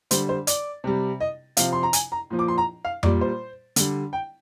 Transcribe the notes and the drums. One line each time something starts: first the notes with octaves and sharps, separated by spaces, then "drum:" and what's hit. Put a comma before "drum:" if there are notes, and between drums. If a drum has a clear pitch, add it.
D3 G3 C5, drum: hi-hat
C5
D5, drum: hi-hat
C3 G3
D#5
C3 F3 F5, drum: hi-hat
C6
A#5
G#5, drum: hi-hat
A#5
A#2 F3
D6
C6
A#5
F5
A#2 G3 D5, drum: tom F2
C5
D3 G3, drum: hi-hat
G5